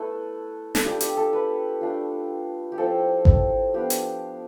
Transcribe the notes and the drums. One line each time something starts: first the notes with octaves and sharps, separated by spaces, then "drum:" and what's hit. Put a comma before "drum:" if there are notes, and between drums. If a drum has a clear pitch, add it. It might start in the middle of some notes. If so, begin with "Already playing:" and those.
Already playing: A3 E4 A4 B4
A4, drum: snare
G3 D4 F4 G4
G4, drum: hi-hat
A4
B4
A3 D4 F4
G4
F3 C4 E4 A4
drum: kick G#1
F3 B3 D4 F4 G4
drum: hi-hat